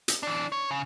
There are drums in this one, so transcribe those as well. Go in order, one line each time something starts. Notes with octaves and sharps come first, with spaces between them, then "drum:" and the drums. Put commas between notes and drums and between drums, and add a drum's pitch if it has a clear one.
drum: hi-hat
E3 D4
C#5
C#3